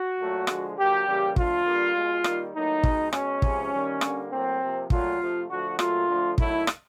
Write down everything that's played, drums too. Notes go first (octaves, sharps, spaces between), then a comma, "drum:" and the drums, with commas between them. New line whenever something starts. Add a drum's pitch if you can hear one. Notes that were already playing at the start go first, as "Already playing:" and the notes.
Already playing: F#4
A#2 F#3 A3
D3 F3 G#3, drum: rim click
D3 F#3 A#3 G4
C#3 E3 G3 A#3
D3 F3 A3 F4, drum: kick
D3 G3 A#3
B2 G#3
D#3 G3 A#3, drum: rim click
A2 F#3 A#3 D#4
B2 G#3, drum: kick
B2 G#3 C#4, drum: rim click
C3 F3 G#3, drum: kick
D#3 G3 A#3
D3 G3 A#3, drum: rim click
A2 F#3 A#3 C4
C3 F3 A#3
A#2 F#3 A3 F4, drum: kick
C3 F3 A3
D3 F3 A3 F#4
A#2 F#3 A3 F4, drum: rim click
D3 F3 A3
D#3 F#3 A3 E4, drum: kick
drum: rim click